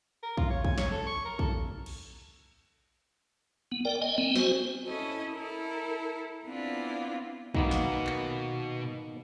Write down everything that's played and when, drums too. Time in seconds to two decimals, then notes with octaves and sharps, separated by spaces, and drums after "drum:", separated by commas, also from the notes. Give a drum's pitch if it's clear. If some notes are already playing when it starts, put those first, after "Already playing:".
0.23 A#4
0.37 F4, drum: kick
0.50 C#5
0.65 G#5, drum: kick
0.78 C#5, drum: snare
0.91 A4
1.06 C#6
1.25 A#4
1.39 A4, drum: kick
1.86 drum: cymbal
3.72 B3
3.85 A#4 D5 G5
4.02 D#5 G5 G#5
4.18 B3 C4 G5
4.36 F#4 C5 G#5, drum: snare
4.87 C#4 E4 A4 D#5
5.33 E4 A4 A#4
6.45 B3 C4 D4 E4 F4
7.55 B2 D#3 A#3 B3, drum: kick
7.71 drum: snare
8.07 drum: clap